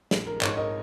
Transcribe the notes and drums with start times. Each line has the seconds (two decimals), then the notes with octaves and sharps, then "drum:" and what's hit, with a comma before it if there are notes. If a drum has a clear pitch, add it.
0.11 A#1, drum: snare
0.27 A#4
0.41 G#2 G#3 D#4 C#5, drum: clap
0.57 A#4 D#5